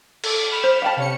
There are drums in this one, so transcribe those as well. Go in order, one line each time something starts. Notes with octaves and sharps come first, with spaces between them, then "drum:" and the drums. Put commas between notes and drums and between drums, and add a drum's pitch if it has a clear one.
A4 D6, drum: cymbal
B5 F6 E7
C5
F5 G5 A5
C3 C#4 C#7